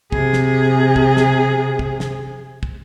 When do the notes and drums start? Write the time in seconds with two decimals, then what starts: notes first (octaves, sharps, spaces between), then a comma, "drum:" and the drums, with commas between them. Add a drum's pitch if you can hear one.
0.12 C3 G#4, drum: kick
0.33 drum: snare
0.96 drum: kick
1.17 drum: snare
1.79 drum: kick
2.00 drum: snare
2.63 drum: kick